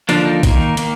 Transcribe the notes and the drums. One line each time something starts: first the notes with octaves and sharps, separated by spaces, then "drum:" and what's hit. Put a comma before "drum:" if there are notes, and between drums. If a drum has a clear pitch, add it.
D3 F3 A#3 D4, drum: hi-hat
D#4
D#3 A#3, drum: kick, hi-hat
D#3 A#3, drum: hi-hat